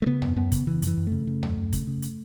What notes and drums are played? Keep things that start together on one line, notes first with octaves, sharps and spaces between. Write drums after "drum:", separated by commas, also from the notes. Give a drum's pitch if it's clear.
A3
C#3 B3
F#2, drum: tom D#2
F#2 B3
C#3, drum: kick, hi-hat
C#3 E3
F#2 E3, drum: hi-hat
F#2
C#3 A3
C#3
F#2, drum: tom D#2
F#2
C#3, drum: kick, hi-hat
C#3
drum: hi-hat